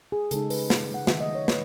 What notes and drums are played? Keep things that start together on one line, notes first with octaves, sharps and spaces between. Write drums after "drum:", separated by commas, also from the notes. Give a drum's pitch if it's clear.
G#4
C#3 G#3 D#4 A4, drum: hi-hat
B4, drum: open hi-hat
drum: snare
F#5
D#3 F#3 A3 E5, drum: snare
D#5
C#5
B4, drum: snare